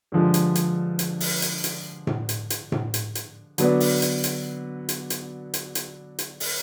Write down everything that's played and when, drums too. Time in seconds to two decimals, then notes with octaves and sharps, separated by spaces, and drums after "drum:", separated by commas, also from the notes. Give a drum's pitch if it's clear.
0.12 G2 D3 F3 G#3
0.34 drum: hi-hat
0.55 drum: hi-hat
0.99 drum: hi-hat
1.20 drum: open hi-hat
1.42 drum: hi-hat
1.64 drum: hi-hat
2.07 drum: tom A2
2.29 drum: hi-hat
2.50 drum: hi-hat
2.72 drum: tom A2
2.94 drum: hi-hat
3.15 drum: hi-hat
3.58 D3 F#3 B3 D4, drum: hi-hat
3.80 drum: open hi-hat
4.02 drum: hi-hat
4.24 drum: hi-hat
4.89 drum: hi-hat
5.10 drum: hi-hat
5.54 drum: hi-hat
5.75 drum: hi-hat
6.19 drum: hi-hat
6.40 drum: open hi-hat